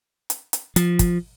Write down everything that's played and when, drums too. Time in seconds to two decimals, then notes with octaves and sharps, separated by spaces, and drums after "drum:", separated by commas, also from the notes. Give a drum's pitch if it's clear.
0.30 drum: hi-hat
0.53 drum: hi-hat
0.76 F3, drum: hi-hat
0.99 drum: kick, hi-hat